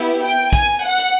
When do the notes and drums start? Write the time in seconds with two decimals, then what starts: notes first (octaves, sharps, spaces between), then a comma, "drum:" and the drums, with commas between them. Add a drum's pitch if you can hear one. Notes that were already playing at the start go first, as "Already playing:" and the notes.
Already playing: B3 E4 G4
0.23 G5
0.53 G#5, drum: kick A#1, hi-hat
0.83 F#5
0.98 drum: hi-hat